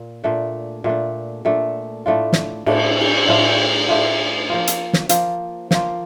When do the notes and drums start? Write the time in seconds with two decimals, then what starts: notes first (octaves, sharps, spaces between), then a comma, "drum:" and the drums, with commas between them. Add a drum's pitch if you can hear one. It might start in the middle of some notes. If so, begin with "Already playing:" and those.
Already playing: A#2
0.24 A#2 A3 D4
0.84 A#2 A3 D4
1.45 A#2 A3 D4
2.06 A2 A3 D4 F4
2.33 drum: snare
2.66 A2 A3 D4 F4, drum: cymbal
3.01 drum: cymbal
3.27 A2 A3 D4 F4
3.89 A2 A3 D4 F4
4.49 F3 A#3 F4
4.67 drum: hi-hat
4.93 drum: snare
5.09 F3 A#3 F4, drum: hi-hat
5.71 F3 A#3 F4, drum: snare